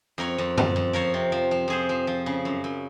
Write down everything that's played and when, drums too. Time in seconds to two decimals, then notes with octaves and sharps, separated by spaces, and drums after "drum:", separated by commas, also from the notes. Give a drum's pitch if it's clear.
0.18 F2 A#4 C#5
0.38 F2
0.57 F2, drum: tom F#2
0.76 F2
0.93 F3 A#4 C#5
1.14 C3
1.32 F3
1.51 F3
1.68 F2 G#4 C5
1.89 F3
2.07 F3
2.26 C#3
2.45 F#2
2.64 F#2